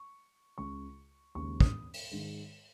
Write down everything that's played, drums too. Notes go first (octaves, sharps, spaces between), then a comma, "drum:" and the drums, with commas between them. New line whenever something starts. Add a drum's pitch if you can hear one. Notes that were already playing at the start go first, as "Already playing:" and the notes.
Already playing: C#6
C#2 C#3 G#3 C#6
D#2 C#3 G#3 C#6
D#6, drum: kick
drum: open hi-hat
G#2 D#3 G#3